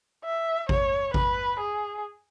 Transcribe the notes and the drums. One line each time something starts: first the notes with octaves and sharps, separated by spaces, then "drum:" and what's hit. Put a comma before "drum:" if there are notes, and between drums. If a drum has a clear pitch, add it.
E5
C#5, drum: kick G#1
B4, drum: kick G#1
G#4